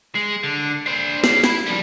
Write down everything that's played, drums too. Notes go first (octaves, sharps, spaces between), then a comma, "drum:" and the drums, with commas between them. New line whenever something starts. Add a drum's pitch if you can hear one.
G#3
D3
D4 C5
G#4 C#5, drum: snare
E4 B5, drum: snare
F3 G3